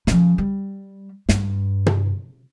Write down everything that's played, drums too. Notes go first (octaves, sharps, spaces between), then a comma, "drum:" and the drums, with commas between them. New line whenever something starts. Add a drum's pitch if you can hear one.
C#3 F3, drum: snare
G3
G2, drum: snare
drum: tom